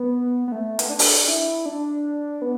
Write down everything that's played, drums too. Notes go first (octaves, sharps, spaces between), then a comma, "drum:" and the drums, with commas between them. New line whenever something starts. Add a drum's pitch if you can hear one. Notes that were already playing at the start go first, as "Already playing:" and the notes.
Already playing: B3
B3
A3
B3, drum: hi-hat
D4
drum: open hi-hat
E4
D4
B3